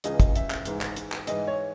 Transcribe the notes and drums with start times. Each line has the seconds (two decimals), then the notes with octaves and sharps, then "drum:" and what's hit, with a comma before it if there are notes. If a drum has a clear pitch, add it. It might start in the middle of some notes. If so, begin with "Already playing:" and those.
0.04 C#2 C#3 E3 D#5, drum: hi-hat
0.20 drum: kick, hi-hat
0.35 E5, drum: hi-hat
0.50 drum: clap
0.65 G#2 E3, drum: hi-hat
0.81 drum: clap
0.96 drum: hi-hat
1.12 drum: clap
1.27 G#2 E3 D#5, drum: hi-hat
1.47 C#5